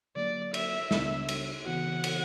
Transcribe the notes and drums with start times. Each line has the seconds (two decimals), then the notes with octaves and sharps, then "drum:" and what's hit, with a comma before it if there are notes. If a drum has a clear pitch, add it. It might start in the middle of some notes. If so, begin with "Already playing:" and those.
0.16 D3 F#3 A#3 D5
0.54 E5, drum: cymbal
0.91 C#2 C#3 G3 B3 D4, drum: snare
1.29 drum: cymbal
1.66 C#3 E3 B3 F#4 F#5
2.04 drum: cymbal